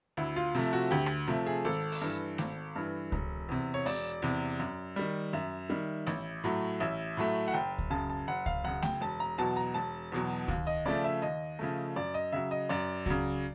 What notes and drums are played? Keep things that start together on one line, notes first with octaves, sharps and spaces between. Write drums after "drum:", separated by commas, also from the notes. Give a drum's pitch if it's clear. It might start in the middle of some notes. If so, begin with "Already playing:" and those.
D2 E4
F4
C3 F3 A3
F#4
D2 G4
drum: rim click
C3 F3 A3
G#4
G#1 A4
drum: open hi-hat
G2 E3
G#1, drum: snare A3
G2 E3
E1, drum: kick C#2
E2 C3
C#5
E1 D5, drum: open hi-hat
E2 C3
F#2
D#3 G3
F#2 E5
D#3 G3
A1, drum: snare A3
A2 F#3 A3
A1 E5
A2 F#3 A3
F#5
F#1 G5
drum: kick C#2
F#2 C#3 A5
A5
F#1 F#5
F5, drum: kick C#2
F#2 C#3 F#5
G5, drum: snare A3
E1 A5
A#5
E2 B2 F#3 A5
A#5
E1 A5
E2 B2 F#3
D#2, drum: kick C#2
D#5
C#3 F3 A3 D5
E5
D#2 D#5
C#3 F3 A3
F#2 D5
D#5
C#3 F#3 E5
D#5
F#2 D5
C#3 F#3, drum: kick C#2